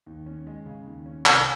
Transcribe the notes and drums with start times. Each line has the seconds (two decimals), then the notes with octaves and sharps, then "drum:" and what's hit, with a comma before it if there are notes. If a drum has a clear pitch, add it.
0.06 D#2
0.26 C#4
0.47 G#3
0.66 C#3
0.86 D#2
1.06 C#4
1.26 C2, drum: clap